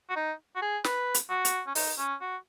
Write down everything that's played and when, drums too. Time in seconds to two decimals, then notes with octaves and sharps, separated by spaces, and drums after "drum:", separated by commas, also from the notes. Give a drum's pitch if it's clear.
0.10 F#4
0.16 D#4
0.56 F#4
0.62 G#4
0.84 B4, drum: snare
1.14 drum: hi-hat
1.29 F#4
1.45 drum: hi-hat
1.67 C#4
1.75 D#4, drum: open hi-hat
1.98 C#4
2.21 F#4